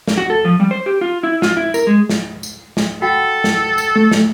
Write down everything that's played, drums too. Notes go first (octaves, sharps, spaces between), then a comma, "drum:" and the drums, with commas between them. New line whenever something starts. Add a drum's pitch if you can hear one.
drum: snare
F#4
A4
F3
G3
C5
G4
F4
E4
F4, drum: snare
E4
A#4, drum: tambourine
G#3
drum: snare
drum: tambourine
drum: snare
F#4 A4 F#5 G5
drum: snare
drum: tambourine
A3
drum: snare